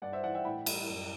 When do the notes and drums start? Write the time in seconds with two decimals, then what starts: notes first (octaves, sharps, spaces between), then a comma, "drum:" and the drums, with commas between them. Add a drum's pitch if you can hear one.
0.02 G2 D5 F#5
0.12 C5 E5
0.23 E3 D5 F#5
0.34 E5 G5
0.45 A2 G5 B5
0.66 G3, drum: cymbal
0.88 F#2